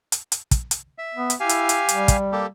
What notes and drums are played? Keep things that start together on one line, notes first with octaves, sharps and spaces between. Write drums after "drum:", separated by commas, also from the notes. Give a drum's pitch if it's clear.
drum: hi-hat
drum: hi-hat
drum: kick, hi-hat
drum: hi-hat
E5
B3
drum: hi-hat
E4 G4 F5 G#5
drum: hi-hat
drum: hi-hat
G3, drum: hi-hat
drum: kick, hi-hat
A#3 G4 A4